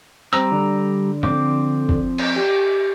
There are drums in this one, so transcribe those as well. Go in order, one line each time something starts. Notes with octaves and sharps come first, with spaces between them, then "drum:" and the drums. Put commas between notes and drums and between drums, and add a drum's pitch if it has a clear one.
G3 C4 A#5 E6, drum: hi-hat
D3
F3 C4 D6, drum: tom G#2
drum: kick
drum: cymbal
G4